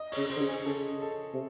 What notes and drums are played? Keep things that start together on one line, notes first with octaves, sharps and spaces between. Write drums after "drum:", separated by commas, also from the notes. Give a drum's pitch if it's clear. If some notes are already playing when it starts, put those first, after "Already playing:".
Already playing: D#5
C#5, drum: open hi-hat
C#3
C5
D3
C#3
G#4
C#3 A4
A4
C3